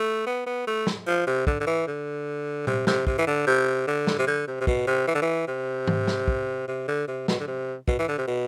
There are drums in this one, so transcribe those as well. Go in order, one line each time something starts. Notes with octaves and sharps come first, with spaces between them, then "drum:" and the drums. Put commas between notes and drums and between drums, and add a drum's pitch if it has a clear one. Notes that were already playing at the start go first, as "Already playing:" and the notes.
Already playing: A3
B3
B3
A3
drum: snare
F3
C3
D3, drum: kick
D3
E3
D3
C3, drum: tom A#2
C3, drum: snare
C3, drum: kick
E3
D3
C3
D3
drum: snare
C3
D3
C3
C3
B2, drum: kick
C3
E3
D3
E3
C3
drum: tom
drum: snare
drum: kick
C3
D3
C3
B2, drum: snare
D3
C3
B2, drum: kick
E3
D3
C3
B2